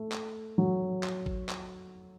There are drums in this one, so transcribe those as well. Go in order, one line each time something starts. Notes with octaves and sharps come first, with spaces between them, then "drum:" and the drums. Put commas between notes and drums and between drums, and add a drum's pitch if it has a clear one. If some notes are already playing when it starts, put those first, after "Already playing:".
Already playing: A3
drum: clap
F#3
drum: clap
drum: kick A1
drum: clap